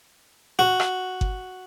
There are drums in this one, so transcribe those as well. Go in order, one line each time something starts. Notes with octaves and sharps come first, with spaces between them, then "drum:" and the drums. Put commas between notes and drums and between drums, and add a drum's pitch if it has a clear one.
F#4
drum: rim click
drum: kick G1